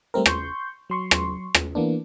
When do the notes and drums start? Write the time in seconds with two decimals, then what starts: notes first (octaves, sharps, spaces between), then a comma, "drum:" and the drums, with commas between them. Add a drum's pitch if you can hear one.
0.14 G3 A3 C4 A#4
0.26 C6 C#6 G6, drum: rim click
0.90 F#3 C6 C#6
1.11 drum: rim click
1.55 drum: rim click
1.75 E3 A#3 B3 D4